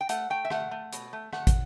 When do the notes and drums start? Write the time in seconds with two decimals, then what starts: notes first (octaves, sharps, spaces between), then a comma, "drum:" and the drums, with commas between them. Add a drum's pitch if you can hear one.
0.01 G5
0.09 A3 F#5, drum: hi-hat
0.30 A3 G5
0.45 E5
0.50 A3 F#5, drum: rim click
0.71 A3
0.93 B2, drum: hi-hat
1.13 A3
1.33 A3 F#5, drum: rim click
1.47 drum: kick, hi-hat